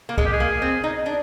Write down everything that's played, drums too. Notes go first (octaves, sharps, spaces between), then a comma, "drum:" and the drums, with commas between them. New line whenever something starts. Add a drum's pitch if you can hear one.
A#3
G#3 G#4, drum: kick
G4
G#4
A#3
C4
D#4
D4